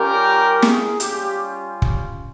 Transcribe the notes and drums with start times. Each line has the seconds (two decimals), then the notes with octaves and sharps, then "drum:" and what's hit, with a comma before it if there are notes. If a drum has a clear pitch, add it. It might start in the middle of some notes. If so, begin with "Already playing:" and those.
Already playing: G3 C#4 F4 G4 A#4
0.62 G#4, drum: snare
1.00 G3 C#4 F4 G4, drum: hi-hat
1.82 drum: kick